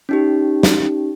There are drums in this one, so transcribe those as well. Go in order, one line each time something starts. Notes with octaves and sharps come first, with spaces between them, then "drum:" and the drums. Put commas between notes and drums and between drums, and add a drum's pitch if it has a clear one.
C#4 D#4 G4
drum: snare